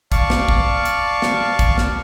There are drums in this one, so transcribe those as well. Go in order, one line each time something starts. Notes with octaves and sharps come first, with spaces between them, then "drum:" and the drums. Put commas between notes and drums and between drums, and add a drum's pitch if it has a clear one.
D5 F5 A5 C#6, drum: kick, hi-hat
drum: snare
drum: kick
drum: hi-hat
drum: snare
drum: kick, hi-hat
drum: snare